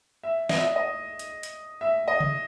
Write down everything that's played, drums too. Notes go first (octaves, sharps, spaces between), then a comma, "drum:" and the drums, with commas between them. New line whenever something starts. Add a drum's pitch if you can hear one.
E5
D#5, drum: snare
E5
D#5
D#5
drum: hi-hat
drum: hi-hat
E5
D#5
drum: tom C3